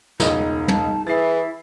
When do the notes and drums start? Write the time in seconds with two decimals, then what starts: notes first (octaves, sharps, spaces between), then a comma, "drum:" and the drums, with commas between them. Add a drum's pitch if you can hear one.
0.20 E1 C#2 D#4 D#5, drum: snare
0.68 A5, drum: tom
1.07 E3 E4 G#4 A6 C7